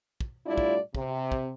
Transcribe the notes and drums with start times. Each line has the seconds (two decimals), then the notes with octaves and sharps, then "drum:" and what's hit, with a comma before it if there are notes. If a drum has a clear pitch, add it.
0.21 drum: kick
0.46 A2 G3 D4 E4 F4 D5
0.58 drum: kick
0.95 C3, drum: kick
1.32 drum: kick